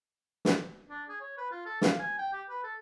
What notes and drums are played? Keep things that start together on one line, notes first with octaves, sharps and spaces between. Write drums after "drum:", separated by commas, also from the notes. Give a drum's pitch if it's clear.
drum: snare
D4
G#4
C#5
B4
F4
A4
F5, drum: snare
G#5
G5
G4
B4
A4